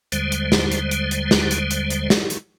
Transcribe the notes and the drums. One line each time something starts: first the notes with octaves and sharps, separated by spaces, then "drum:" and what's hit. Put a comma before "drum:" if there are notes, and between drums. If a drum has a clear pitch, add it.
D#2 D3 G3 G#3 C5, drum: hi-hat
drum: hi-hat
drum: snare
drum: hi-hat
drum: hi-hat
drum: hi-hat
drum: snare
drum: hi-hat
drum: hi-hat
drum: hi-hat
drum: snare
drum: hi-hat